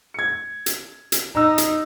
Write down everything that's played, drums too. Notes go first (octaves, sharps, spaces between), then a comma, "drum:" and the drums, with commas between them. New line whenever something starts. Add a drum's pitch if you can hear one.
G#6 C#7
drum: hi-hat
drum: hi-hat
D#4 A#5 E6
drum: hi-hat